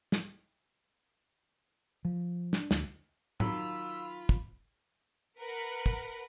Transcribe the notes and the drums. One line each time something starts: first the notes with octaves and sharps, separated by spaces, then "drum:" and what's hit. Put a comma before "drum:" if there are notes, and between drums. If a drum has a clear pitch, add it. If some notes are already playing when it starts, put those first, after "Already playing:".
drum: snare
F3
D4, drum: snare
D2, drum: snare
D#3 F#3 F4 B5 E6, drum: tom
drum: kick
A#4 B4 F#5
drum: kick